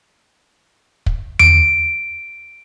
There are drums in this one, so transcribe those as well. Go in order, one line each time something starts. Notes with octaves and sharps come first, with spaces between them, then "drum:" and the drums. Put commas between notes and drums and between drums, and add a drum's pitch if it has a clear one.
drum: kick
D7, drum: tom E2